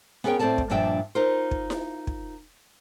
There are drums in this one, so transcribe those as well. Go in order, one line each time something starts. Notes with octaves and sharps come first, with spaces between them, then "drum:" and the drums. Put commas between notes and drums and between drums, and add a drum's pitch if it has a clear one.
B3 C#4 G#4 A#4 C#5 G5
A2 C4 A4 D5 A5
drum: kick
G2 A#2 F3 D4 E5 G5
D#4 F4 A#4 C5
drum: kick
drum: snare E4
drum: kick